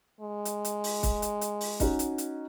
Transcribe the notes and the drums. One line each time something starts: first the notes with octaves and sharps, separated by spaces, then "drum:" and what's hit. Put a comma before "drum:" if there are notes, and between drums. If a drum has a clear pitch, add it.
G#3
drum: hi-hat
drum: hi-hat
drum: open hi-hat
drum: kick, hi-hat
drum: hi-hat
drum: hi-hat
drum: open hi-hat
C#4 D#4 F#4, drum: kick, hi-hat
drum: hi-hat
drum: hi-hat